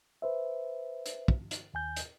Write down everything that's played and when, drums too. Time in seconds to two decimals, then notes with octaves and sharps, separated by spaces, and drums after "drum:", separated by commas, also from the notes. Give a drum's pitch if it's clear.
0.22 B4 C5 E5
1.06 drum: hi-hat
1.28 drum: kick
1.51 drum: hi-hat
1.74 D#2 G#5 G6
1.96 drum: hi-hat